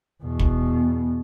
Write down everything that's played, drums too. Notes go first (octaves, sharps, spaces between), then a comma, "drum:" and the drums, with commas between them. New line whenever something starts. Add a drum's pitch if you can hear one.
E2 B2
drum: kick